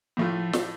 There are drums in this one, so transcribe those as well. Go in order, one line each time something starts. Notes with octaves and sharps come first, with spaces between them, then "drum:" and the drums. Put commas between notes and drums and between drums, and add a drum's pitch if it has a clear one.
A2 F3 A3 F4
drum: snare